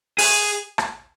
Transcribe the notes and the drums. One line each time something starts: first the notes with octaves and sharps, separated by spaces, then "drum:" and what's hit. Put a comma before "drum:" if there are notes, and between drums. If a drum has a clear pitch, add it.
G#4, drum: open hi-hat
drum: rim click